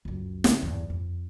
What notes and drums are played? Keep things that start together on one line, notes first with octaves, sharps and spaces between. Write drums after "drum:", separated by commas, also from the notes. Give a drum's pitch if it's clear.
C#2 F#2
C#3 G3, drum: snare
E2 G2
F2